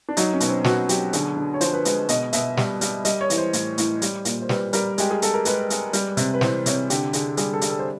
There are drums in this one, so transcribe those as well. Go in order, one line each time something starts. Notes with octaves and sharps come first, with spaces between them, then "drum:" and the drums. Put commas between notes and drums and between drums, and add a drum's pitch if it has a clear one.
D4
F#3 D#4, drum: hi-hat
C#4
B2, drum: hi-hat
C4
B2 F#4, drum: snare
F#3 G4, drum: hi-hat
D3 G#4, drum: hi-hat
D3
C#5
F3 C5, drum: hi-hat
B4
G#3 B4, drum: hi-hat
B2 D#5, drum: hi-hat
B2 E5, drum: hi-hat
G3, drum: snare
G3, drum: hi-hat
G3 D#5, drum: hi-hat
C#5
E3, drum: hi-hat
C5
A2, drum: hi-hat
A2, drum: hi-hat
G3, drum: hi-hat
A#2, drum: hi-hat
C5
G3 B4, drum: snare
G3 A#4, drum: hi-hat
G#3 G4, drum: hi-hat
G#4
G#3 A4, drum: hi-hat
A#4
G#3 B4, drum: hi-hat
G#3, drum: hi-hat
G3, drum: hi-hat
C3, drum: hi-hat
B4
E3 C5, drum: snare
C3 C#5, drum: hi-hat
D3 G4, drum: hi-hat
D3 G#4, drum: hi-hat
G3 G#4, drum: hi-hat
A4
G3, drum: hi-hat
A4
C5